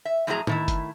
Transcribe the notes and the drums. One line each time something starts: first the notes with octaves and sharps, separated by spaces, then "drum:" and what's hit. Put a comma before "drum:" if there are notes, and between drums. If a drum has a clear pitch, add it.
E5
F2 A2 F#3 D4 G#4 A#5
A2 D#3 E4, drum: tom
drum: kick F#1, hi-hat